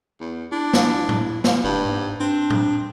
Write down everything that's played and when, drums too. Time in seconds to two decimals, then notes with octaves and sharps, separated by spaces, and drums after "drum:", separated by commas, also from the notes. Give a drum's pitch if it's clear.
0.20 E2
0.52 D4 E4
0.73 drum: snare
1.09 drum: tom A2
1.44 drum: snare
1.64 F#1 G2
1.85 G#2
2.20 C4 D4
2.50 drum: tom A2